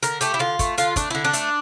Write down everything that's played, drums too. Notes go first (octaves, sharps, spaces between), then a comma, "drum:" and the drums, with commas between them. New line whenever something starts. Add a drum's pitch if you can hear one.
D3 A#4, drum: hi-hat
A3 G4, drum: hi-hat
E4
D3 F4
A3, drum: kick, hi-hat
D3 F4, drum: hi-hat
A3 D4, drum: kick, hi-hat
D3 E4
D4
A3, drum: hi-hat